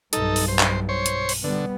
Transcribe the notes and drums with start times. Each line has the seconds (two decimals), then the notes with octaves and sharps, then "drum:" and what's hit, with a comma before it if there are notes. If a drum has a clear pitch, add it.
0.13 B1 G2 D#4 A4, drum: hi-hat
0.36 drum: open hi-hat
0.48 C5
0.59 drum: clap
0.89 C5 C#5
1.06 drum: hi-hat
1.29 drum: open hi-hat
1.44 D3 G3 B3